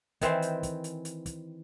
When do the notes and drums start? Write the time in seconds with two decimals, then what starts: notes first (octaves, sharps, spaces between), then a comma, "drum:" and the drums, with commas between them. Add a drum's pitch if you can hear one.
0.21 D#3 E3 C4 C5, drum: kick, hi-hat
0.42 drum: hi-hat
0.63 drum: kick, hi-hat
0.84 drum: hi-hat
1.05 drum: hi-hat
1.26 drum: kick, hi-hat